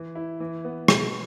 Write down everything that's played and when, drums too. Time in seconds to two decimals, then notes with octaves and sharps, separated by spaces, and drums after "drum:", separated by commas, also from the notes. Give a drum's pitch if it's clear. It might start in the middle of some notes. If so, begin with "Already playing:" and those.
Already playing: E3
0.15 E4
0.40 E3
0.65 B3
0.88 B2, drum: rim click